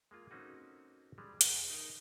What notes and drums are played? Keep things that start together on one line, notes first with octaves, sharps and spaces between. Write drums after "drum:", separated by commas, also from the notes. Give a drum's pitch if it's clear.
G#3 A#3 F4
A#3 C4 C#4 D#4 F#4 A4
G3 G#3
E2, drum: hi-hat
D#4 A#4